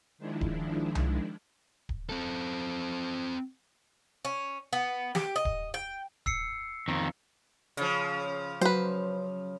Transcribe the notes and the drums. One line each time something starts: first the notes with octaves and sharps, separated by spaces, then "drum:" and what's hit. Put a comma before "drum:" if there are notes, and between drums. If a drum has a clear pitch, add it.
D#3 F3 G#3 D4 E4
drum: kick D1
drum: tom C2
drum: kick D1
C4 A4
C#4
B3
G4, drum: snare
D#5
drum: kick D1
G5
E6 C7 C#7, drum: kick D1
F2 D#3
C#3 F3, drum: hi-hat
F#3 B4 C5, drum: hi-hat